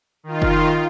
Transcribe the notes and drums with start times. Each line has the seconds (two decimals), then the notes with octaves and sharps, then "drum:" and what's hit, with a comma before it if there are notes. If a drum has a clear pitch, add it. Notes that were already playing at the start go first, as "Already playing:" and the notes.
0.24 D#3 F4
0.42 drum: kick F1